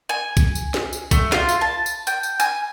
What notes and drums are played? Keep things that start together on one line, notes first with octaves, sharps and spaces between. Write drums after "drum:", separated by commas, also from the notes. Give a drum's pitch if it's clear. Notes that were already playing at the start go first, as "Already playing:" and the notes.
G#5
drum: kick B1, tambourine
drum: tambourine
drum: snare
drum: tambourine
A3, drum: kick B1, tambourine
F4, drum: snare
drum: tambourine
A5
drum: tambourine
G5, drum: tambourine
drum: tambourine
G#5, drum: tambourine